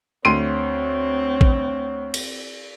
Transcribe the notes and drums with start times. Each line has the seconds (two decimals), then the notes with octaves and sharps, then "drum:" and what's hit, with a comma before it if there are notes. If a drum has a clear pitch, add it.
0.25 D2 C4 C#5 C6 D#7
1.41 drum: kick
2.14 drum: cymbal